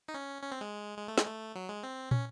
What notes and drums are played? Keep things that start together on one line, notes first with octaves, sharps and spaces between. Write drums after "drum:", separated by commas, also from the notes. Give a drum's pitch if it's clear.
D#4
C#4
C#4
C4
G#3
G#3
A3
G#3, drum: snare
A3
F#3
G#3
C4
C#4, drum: tom